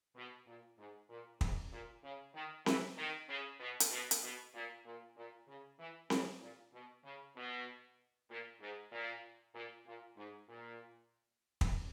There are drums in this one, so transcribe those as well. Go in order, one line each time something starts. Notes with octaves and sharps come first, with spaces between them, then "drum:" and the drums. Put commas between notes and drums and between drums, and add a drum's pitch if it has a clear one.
B2
A#2
G#2
A#2
G#2, drum: kick
A#2
C#3
D#3
E3, drum: snare C4
D#3
C#3
B2
drum: hi-hat
B2
drum: hi-hat
B2
A#2
A#2
A#2
C#3
E3
C#3, drum: snare C4
A#2
B2
C#3
B2
A#2
G#2
A#2
A#2
A#2
G#2
A#2
drum: kick